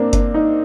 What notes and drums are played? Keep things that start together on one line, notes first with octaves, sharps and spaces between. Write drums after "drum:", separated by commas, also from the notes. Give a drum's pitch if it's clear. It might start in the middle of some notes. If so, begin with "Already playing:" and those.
Already playing: A#3 C4 D4
D4, drum: kick F#1, hi-hat
D#4